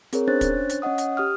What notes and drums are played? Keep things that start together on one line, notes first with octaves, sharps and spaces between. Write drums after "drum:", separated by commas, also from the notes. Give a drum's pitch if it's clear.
C4 G#4 A#4 C#5, drum: hi-hat
C#4 D4 C5 C#5 F#6 A6
drum: kick, hi-hat
drum: hi-hat
C#4 C#5 D#5 F#5 D#6
drum: hi-hat
G4 D#6 F6